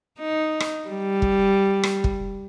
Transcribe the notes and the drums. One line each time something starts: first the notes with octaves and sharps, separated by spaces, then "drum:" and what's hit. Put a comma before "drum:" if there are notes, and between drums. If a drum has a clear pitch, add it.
D#4
drum: rim click
G3
drum: kick
drum: rim click
drum: kick